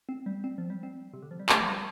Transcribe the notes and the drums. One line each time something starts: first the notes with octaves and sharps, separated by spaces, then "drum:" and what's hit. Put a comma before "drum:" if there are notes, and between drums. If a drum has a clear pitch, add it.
C4
G3
C4
F3
G3
C4
C3
D3
F3
G3
A3, drum: clap
F3
G3